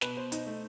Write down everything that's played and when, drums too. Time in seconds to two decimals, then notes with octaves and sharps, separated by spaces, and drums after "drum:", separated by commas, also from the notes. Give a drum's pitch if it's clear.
0.01 B2 B4, drum: snare
0.16 B2 C5
0.32 D#4, drum: hi-hat
0.46 A3